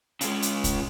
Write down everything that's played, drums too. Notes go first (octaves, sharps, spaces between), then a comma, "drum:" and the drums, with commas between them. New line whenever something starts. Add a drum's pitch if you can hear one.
C#3 G#3, drum: hi-hat
drum: hi-hat
drum: kick, hi-hat